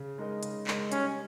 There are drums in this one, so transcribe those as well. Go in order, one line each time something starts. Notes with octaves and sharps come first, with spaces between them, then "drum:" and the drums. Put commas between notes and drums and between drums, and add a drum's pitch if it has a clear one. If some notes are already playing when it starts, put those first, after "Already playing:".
Already playing: C#3
G#3 D#4 A#4 D#5
C#3, drum: hi-hat
G#3 D#4 A#4 D#5, drum: clap
G3 C#4, drum: hi-hat